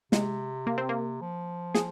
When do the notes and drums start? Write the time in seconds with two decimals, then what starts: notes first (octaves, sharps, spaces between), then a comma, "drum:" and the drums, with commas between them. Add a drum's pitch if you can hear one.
0.12 C3 G#3, drum: snare
0.67 A#3
0.78 C4
0.89 A#3
1.21 F3
1.75 G#4, drum: snare